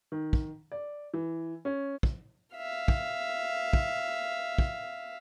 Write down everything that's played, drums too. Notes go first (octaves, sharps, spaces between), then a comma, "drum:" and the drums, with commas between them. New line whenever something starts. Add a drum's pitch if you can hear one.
D#3
drum: kick
D5
E3
C#4
drum: kick
E5 F5
drum: kick
drum: kick
drum: kick